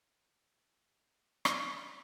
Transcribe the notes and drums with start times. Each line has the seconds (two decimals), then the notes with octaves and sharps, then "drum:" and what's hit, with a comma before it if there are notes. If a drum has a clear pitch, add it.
0.17 D4 D#5 G#5
0.76 F6
1.45 drum: rim click
1.65 G#4 E5 D#6